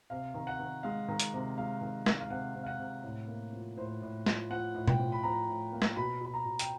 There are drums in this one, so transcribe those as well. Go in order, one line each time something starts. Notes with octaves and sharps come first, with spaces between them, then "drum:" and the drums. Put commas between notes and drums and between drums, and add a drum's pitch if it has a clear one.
C3 F5
D#3
F#5
D#3
G#3 F5
D#3
drum: hi-hat
C3
G#3 F5
D#3
D#3, drum: snare
F5
C3 F#5
C3
F5
F#5
C3
A2
A#3
F3
A2 C5
A2
F3, drum: snare
F3 F#5
A2
G5, drum: tom B2
F3
B5
F3 A#5
A2
A#3
drum: snare
B2 B5
B2 B5
A#5
B2
G5, drum: hi-hat